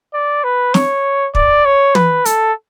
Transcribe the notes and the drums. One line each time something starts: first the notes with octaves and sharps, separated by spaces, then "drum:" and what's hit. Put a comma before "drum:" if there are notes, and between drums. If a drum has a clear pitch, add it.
D5
B4
C#5, drum: snare
D5, drum: kick
C#5
B4, drum: tom
A4, drum: hi-hat